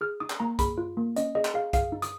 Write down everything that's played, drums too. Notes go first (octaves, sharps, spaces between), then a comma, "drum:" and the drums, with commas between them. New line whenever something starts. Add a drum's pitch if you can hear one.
G#4 F6
D#4 D#6
drum: clap
A#3 A#5
G#4 B5, drum: kick, hi-hat
F4
A#3
C#4 D#5, drum: hi-hat
G#4 D#5
drum: clap
G#4 F5
G#4 F5, drum: kick, hi-hat
D#4
D#6, drum: hi-hat